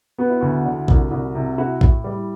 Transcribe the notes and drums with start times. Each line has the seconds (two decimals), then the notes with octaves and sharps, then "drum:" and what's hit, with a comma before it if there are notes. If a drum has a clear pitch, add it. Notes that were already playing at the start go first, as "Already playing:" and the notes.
0.18 B3 F#4
0.30 E4
0.41 D2 F#4
0.65 D3
0.88 C2, drum: kick A#1
1.11 C2
1.35 C3
1.58 E4 F#4
1.81 A2, drum: kick A#1
2.04 G3